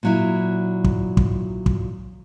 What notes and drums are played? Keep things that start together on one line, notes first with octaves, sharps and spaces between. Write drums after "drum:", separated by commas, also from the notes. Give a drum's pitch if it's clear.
A#2 F#3 E4
drum: kick
drum: kick
drum: kick